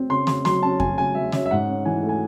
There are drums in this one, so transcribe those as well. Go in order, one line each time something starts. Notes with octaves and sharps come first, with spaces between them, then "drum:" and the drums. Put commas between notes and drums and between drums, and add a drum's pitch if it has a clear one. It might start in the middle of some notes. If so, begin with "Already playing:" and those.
Already playing: C4
C#3 C6
C#3 C6, drum: snare
F#3 C6, drum: snare
C#4 A5
C#3 G#5, drum: kick F2
C#3 G#5
F#3 E5
C#4 E5, drum: snare
E5
G#2 F#5
C#4
E3 G#5
A3
G#5